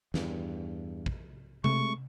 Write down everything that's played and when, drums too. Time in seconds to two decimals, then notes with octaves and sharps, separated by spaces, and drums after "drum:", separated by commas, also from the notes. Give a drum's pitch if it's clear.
0.14 E2 G2, drum: snare
1.06 drum: kick
1.64 C3 G#3 A3 C#6, drum: tom C3